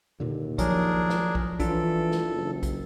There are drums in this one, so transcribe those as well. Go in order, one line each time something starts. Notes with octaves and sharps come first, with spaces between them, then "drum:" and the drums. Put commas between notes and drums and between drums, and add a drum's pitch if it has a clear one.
D#2 A#2 D3
F3 F#3 D4 G#4 A#4 C#5, drum: kick A#1, hi-hat
drum: snare
drum: kick A#1
E3 D4 F4 A4, drum: kick A#1, hi-hat
drum: snare
F#1
drum: kick A#1, hi-hat